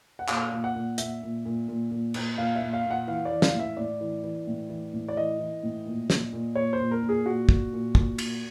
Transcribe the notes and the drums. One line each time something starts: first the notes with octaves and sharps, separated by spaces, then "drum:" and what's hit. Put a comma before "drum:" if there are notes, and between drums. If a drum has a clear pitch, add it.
F#5
A#2 F5, drum: clap
A#2
F#5
A#2
A#2 E5, drum: hi-hat
A#2
A#2
A#2
A#2
A#2, drum: cymbal
A#2 F5
E5
A#2
F5
A#2
F#5
E3 F5
D5
E3
F5, drum: snare
A2
E5
A2 D5
E3
E3
A2
E3
A2
D5
E3 D#5
E3
A2
A#2
A#2, drum: snare
A#2
A#2 C#5
C5
A#2
A#4
A#2
G#4
A#2 F#4
A#2, drum: kick
A#2
A#2, drum: kick
A#2, drum: cymbal